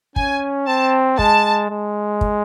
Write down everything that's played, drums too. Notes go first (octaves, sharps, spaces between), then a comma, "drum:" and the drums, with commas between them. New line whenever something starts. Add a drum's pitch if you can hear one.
C#4 G#5, drum: kick
C4 A5
G#3 A5, drum: kick
G#3
drum: kick